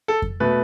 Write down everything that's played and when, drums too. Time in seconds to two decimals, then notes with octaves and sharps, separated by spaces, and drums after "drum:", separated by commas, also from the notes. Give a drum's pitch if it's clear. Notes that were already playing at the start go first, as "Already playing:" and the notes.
0.08 A4
0.22 drum: kick F2
0.40 B2 A3 B4